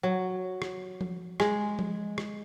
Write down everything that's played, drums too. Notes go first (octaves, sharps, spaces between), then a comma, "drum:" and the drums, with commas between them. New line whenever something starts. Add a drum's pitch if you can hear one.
F#3
drum: rim click
drum: tom F3
G#3, drum: rim click
drum: tom F3
drum: rim click